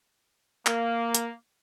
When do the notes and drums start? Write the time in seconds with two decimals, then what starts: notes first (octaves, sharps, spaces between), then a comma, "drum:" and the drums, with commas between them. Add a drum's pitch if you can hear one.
0.66 A#3, drum: clap
1.15 drum: hi-hat